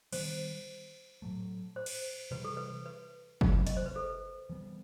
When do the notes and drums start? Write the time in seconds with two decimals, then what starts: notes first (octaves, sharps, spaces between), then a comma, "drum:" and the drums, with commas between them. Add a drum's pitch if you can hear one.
0.12 D#3 G3 B3 C5, drum: cymbal
1.22 A2 F#3 A3
1.76 C5
1.86 drum: cymbal
2.31 C3 E3 G3 B4
2.44 A4
2.57 B4
2.86 B4
3.41 C3 F#3 C4, drum: kick
3.67 D#5, drum: hi-hat
3.77 C5
3.86 B4
3.96 A4
4.50 E3 G3 B3